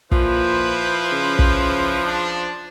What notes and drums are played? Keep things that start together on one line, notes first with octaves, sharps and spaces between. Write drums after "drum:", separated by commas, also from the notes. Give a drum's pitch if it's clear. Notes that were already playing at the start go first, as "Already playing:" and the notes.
A#2 F3 E4 B4 C5, drum: kick
C#3
drum: kick
D4